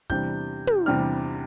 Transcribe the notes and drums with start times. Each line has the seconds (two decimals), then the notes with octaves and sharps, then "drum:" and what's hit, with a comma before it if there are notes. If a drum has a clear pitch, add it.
0.10 E2 C3 G3 D4 G6, drum: kick
0.67 drum: tom
0.86 E2 C3 G3 D4 F6